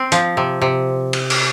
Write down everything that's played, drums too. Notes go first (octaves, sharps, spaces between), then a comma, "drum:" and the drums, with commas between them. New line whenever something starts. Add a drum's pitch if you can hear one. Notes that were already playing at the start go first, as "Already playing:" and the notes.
Already playing: C4
F3, drum: hi-hat
C3
C3
drum: cymbal
drum: cymbal